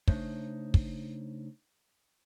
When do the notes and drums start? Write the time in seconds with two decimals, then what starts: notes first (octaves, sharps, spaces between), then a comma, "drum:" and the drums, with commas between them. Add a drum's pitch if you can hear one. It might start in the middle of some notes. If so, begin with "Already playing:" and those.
0.08 C#3 A3 D4 D#4 C5 C#5, drum: kick
0.74 drum: kick